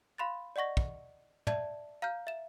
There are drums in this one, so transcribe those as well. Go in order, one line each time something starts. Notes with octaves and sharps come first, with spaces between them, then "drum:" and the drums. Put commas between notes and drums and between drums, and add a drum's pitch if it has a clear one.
F5 B5 C6 F#6 A6
D5 D#5 F#5 C#6 A#6
drum: kick
D5 E5 A5 G#6, drum: tom
F5 A#5 F6 G6
E5 E7